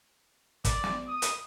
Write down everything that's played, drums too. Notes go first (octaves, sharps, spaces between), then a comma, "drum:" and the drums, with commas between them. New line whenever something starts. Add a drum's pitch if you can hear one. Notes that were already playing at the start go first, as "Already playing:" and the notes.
D5, drum: kick, hi-hat
drum: snare
D#6
drum: hi-hat